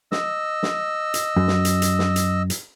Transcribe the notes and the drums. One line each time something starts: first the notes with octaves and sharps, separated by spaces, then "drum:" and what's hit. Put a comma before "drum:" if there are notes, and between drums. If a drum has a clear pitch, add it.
D#5 E6, drum: snare
drum: snare
drum: hi-hat
F#2
drum: snare
drum: hi-hat
drum: hi-hat
drum: snare
drum: hi-hat
drum: hi-hat